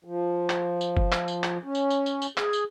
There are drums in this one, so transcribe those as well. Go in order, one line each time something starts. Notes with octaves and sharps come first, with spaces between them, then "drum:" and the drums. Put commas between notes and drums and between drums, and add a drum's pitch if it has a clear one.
F3
drum: clap
drum: tambourine
drum: kick F#1
drum: clap
drum: tambourine
drum: clap
C#4
drum: tambourine
drum: tambourine
drum: tambourine
drum: tambourine
G#4, drum: clap
drum: tambourine